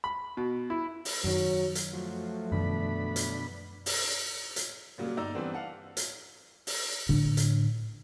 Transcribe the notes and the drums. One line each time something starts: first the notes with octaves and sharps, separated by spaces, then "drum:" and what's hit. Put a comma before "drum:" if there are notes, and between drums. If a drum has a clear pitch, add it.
B5
B2
E4
drum: open hi-hat
F#2 D#3 F#3
drum: hi-hat
F3 F#3 A3
F#2 B2 D#3 F3 D4 B5
drum: hi-hat
drum: open hi-hat
drum: hi-hat
A#2 C#3 F#3 G3 A#3
G1 D#4 D5 A#5 E6
E3 G3 B3 C4 D4
F5 F#5 A5
drum: hi-hat
drum: open hi-hat
A2 D3 D4
drum: hi-hat